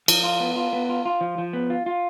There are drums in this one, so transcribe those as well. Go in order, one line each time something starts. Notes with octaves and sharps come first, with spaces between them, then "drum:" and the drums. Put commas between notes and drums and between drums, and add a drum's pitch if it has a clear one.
F3, drum: cymbal
F4
B3
F4
B3
F4
F4
F3
F3
B3
F4
F4